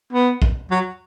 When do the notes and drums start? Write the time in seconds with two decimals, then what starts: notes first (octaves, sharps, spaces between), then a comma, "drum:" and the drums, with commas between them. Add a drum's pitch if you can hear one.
0.13 B3
0.42 drum: kick A#1
0.70 F#3